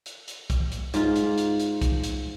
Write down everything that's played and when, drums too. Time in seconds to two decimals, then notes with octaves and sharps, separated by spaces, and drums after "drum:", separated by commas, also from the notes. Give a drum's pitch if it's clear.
0.06 drum: hi-hat
0.28 drum: hi-hat
0.50 drum: kick, hi-hat
0.72 drum: hi-hat
0.94 G#2 F4, drum: hi-hat
1.16 drum: hi-hat
1.38 drum: hi-hat
1.60 drum: hi-hat
1.82 drum: kick, hi-hat
2.03 drum: hi-hat